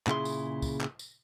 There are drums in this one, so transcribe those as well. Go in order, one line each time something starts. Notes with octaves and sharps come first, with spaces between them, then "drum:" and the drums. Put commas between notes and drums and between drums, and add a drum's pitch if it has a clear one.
A#2 C#3 E4 G#4 C6, drum: clap
drum: tambourine
drum: kick, tambourine
drum: clap
drum: tambourine